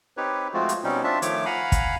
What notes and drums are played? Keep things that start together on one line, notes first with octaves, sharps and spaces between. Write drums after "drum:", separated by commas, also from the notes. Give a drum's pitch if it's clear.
C4 D#4 G4 B4 C#5
F3 G#3 A3 C4 F4 F#4
drum: hi-hat
B2 G3 C4 C#4 D#4
C4 D4 F4 E5 A5
D#3 F3 A3 C#5 D6, drum: hi-hat
F5 F#5 G#5 A#5 B5
drum: kick, hi-hat